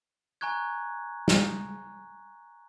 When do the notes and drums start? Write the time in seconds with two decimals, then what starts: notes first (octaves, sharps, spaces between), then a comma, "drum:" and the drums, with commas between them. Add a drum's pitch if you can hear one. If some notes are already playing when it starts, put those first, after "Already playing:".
0.41 G#5 A#5 C#6 F#6 G#6
1.28 drum: snare